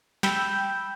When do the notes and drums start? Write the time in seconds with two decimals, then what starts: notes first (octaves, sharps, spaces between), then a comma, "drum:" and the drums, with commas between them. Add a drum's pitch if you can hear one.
0.23 G5 B5 E6 G6, drum: snare